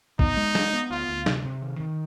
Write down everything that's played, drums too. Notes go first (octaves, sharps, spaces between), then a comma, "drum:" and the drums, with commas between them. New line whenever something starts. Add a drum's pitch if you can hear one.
B3 D#4, drum: kick
G#3
D4, drum: snare
B3
D2 F4
D2
C3, drum: snare
C3
D#3
D#3